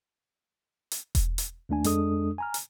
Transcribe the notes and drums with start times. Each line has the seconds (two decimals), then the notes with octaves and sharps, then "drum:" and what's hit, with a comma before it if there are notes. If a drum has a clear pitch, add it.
0.92 drum: hi-hat
1.15 drum: kick E1, hi-hat
1.38 drum: hi-hat
1.69 D#2 A3 D4 G#5
1.84 F2 G#3 D4 A4 D#6, drum: hi-hat
2.38 G#5 A#5 F6
2.54 drum: hi-hat